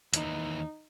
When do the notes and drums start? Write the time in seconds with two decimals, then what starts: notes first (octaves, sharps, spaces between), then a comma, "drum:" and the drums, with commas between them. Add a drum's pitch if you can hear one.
0.14 D#2 E3 D#4, drum: hi-hat